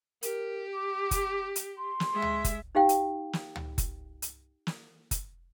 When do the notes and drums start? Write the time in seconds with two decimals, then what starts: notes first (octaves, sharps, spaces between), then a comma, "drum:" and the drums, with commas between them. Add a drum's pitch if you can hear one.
0.23 G4 A#4, drum: hi-hat
0.74 D6
1.11 drum: kick F#1, hi-hat
1.56 drum: hi-hat
1.78 C6
2.00 drum: snare
2.13 G#3 E5
2.22 drum: tom C#2
2.44 drum: kick F#1, hi-hat
2.75 D#4 G4 F5 G5
2.89 drum: hi-hat
3.33 drum: snare
3.56 drum: tom C#2
3.78 drum: kick F#1, hi-hat
4.22 drum: hi-hat
4.67 drum: snare
5.11 drum: kick F#1, hi-hat